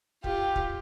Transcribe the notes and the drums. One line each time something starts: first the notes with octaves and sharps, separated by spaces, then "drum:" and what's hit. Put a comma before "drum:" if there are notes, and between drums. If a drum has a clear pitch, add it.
F4 G4, drum: kick
drum: kick